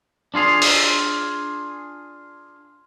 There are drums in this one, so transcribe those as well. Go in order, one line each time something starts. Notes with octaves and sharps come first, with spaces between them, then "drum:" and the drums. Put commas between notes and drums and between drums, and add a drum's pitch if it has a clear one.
D4 F4 G#4 F5
drum: open hi-hat